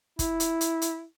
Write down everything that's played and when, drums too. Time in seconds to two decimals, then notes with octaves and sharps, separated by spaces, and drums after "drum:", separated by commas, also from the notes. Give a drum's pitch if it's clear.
0.19 E4, drum: kick, hi-hat
0.40 drum: hi-hat
0.61 drum: hi-hat
0.82 drum: hi-hat